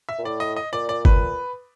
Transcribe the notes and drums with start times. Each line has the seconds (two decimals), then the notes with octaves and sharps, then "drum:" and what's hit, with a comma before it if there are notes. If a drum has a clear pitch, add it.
0.09 E5
0.18 A#2
0.24 A2 D5
0.40 D#5
0.56 D#5
0.73 A#2 D5
0.89 D5
1.05 B4, drum: kick G1